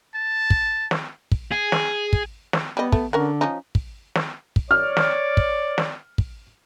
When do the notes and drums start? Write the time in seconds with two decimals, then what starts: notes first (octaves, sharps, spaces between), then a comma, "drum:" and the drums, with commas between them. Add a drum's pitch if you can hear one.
0.15 A5
0.50 drum: kick
0.91 drum: snare
1.32 drum: kick
1.52 G#4
1.72 drum: snare
2.13 drum: kick
2.53 drum: snare
2.77 G3 B3 D#5
2.92 A3, drum: kick
3.13 D3 C#4 A#4 F#5
3.41 F3 C#4 D#4
3.75 drum: kick
4.15 drum: snare
4.56 drum: kick
4.71 C#5 D5 F6
4.97 drum: snare
5.37 drum: kick
5.78 drum: snare
6.18 drum: kick